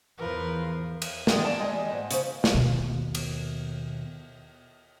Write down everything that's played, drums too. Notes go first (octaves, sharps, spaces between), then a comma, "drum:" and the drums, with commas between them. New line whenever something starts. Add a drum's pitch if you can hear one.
E2 F3 A#4 B4
drum: cymbal
D#3 E3 F#3 G#3 B3 D4, drum: snare
F#2 D5 A5
E2 G3 G#3 D#5 G#5
G#2
C#3 C5, drum: hi-hat
drum: snare
D#2 B2
drum: cymbal